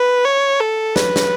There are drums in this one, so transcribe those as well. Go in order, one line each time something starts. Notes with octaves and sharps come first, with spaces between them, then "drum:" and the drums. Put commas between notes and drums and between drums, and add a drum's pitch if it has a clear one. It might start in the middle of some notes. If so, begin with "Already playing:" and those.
Already playing: B4
C#5
A4
B4, drum: snare
drum: snare